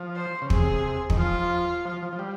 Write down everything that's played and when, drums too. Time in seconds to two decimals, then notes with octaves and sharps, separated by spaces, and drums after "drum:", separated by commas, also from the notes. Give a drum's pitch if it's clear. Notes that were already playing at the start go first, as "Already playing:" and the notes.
Already playing: F3
0.16 C5
0.42 C#3
0.50 C3 G#4, drum: kick
1.10 D#3, drum: kick
1.18 F3 F4
1.85 F3
2.03 F3
2.13 F3
2.19 G3